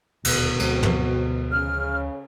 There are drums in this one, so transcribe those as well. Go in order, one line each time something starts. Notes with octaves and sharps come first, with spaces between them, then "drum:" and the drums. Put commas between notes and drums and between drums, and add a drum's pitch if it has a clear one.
D#1 D2 B2, drum: cymbal
D2 F3 G#3 C4 F#4, drum: cymbal
drum: tom
C#3 F6